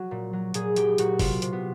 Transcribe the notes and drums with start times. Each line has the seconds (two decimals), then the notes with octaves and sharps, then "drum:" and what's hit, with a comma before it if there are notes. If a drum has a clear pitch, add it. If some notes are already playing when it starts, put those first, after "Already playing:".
Already playing: F#3 F#4
0.11 A#2
0.33 F#3
0.54 A#2 G#4, drum: hi-hat
0.76 F#3 G4, drum: hi-hat
0.98 A#2 F#4, drum: hi-hat
1.19 C3 F4, drum: kick, open hi-hat
1.42 C3, drum: hi-hat
1.53 B3